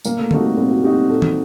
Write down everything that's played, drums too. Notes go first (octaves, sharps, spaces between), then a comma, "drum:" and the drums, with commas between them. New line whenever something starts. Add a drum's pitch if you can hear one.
A#2 A#3, drum: tambourine
A3
G3 A3 C4 D#4 F#4, drum: tom D3
A3
A#2 C4
F#4
G3 C4 D#4 F#4 G4
G4
A#2 A4
drum: tom